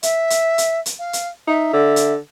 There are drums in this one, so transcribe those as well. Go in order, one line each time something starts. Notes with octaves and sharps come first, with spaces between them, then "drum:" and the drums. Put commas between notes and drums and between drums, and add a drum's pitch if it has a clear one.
E5, drum: hi-hat
drum: hi-hat
drum: hi-hat
drum: hi-hat
F5
drum: hi-hat
D#4 E5
D3
drum: hi-hat